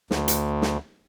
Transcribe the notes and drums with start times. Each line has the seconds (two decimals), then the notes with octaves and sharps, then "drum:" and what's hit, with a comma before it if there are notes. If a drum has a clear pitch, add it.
0.11 D2, drum: snare
0.28 drum: hi-hat
0.62 drum: snare